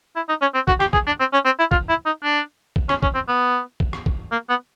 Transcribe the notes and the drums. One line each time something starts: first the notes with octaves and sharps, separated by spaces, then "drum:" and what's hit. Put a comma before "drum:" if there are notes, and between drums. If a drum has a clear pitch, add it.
E4
D#4
C#4
C4
F#4, drum: kick
G4, drum: rim click
G#4, drum: kick
D4
C4
C#4
C4
E4
F4, drum: kick
E4
D#4
D4
drum: kick
C#4, drum: rim click
C#4, drum: kick
C4
B3
drum: kick
drum: rim click
drum: kick
A#3
B3